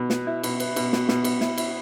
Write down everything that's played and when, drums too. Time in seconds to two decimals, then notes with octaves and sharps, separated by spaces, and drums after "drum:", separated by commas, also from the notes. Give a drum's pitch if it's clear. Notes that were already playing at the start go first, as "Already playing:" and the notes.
Already playing: B2
0.10 B3, drum: snare
0.27 E4
0.43 B2, drum: cymbal
0.60 B3, drum: cymbal
0.76 B2, drum: cymbal
0.93 B2, drum: snare
1.09 B2, drum: snare
1.24 B2, drum: cymbal
1.41 E4, drum: snare
1.58 E4, drum: cymbal